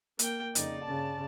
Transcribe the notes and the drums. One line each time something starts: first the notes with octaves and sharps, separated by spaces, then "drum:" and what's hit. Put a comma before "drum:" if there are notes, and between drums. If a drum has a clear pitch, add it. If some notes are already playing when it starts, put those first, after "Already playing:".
A#3 G5, drum: hi-hat
F2 C#3 D#4 D5, drum: hi-hat
G2 C#3 A5